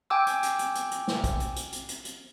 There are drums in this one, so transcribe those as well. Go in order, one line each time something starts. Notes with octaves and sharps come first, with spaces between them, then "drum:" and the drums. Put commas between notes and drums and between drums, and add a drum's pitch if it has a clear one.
G5 G#5 D6 E6
drum: hi-hat
drum: hi-hat
drum: hi-hat
drum: hi-hat
drum: hi-hat
drum: snare
drum: kick, hi-hat
drum: hi-hat
drum: hi-hat
drum: hi-hat
drum: hi-hat
drum: hi-hat